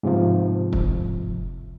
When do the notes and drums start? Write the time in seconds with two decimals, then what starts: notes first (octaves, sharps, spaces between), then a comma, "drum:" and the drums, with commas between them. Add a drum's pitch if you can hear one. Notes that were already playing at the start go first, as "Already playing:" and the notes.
0.03 G#2 C3 F3
0.73 drum: kick